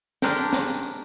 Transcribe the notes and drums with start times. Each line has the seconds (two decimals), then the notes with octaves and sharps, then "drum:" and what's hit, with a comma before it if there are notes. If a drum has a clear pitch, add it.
0.22 G#3 D4 G4 A#4 G5, drum: snare
0.37 drum: tambourine
0.53 drum: snare
0.68 drum: tambourine
0.83 drum: tambourine